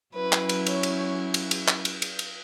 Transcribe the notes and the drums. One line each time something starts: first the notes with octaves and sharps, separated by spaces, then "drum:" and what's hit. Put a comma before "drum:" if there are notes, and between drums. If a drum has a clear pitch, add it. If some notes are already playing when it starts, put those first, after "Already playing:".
F#3 C#4 E4 B4
drum: clap
drum: cymbal
C#5, drum: cymbal
drum: cymbal
drum: cymbal
drum: cymbal
drum: clap
drum: cymbal
drum: cymbal
drum: cymbal